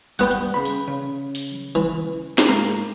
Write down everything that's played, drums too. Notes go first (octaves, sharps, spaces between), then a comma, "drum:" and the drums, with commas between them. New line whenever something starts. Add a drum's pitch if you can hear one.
G2 B3 F#5 G5
drum: hi-hat
C#3 B5
drum: tambourine
C#3
drum: open hi-hat
E3
drum: snare
G#2 A#3 A#5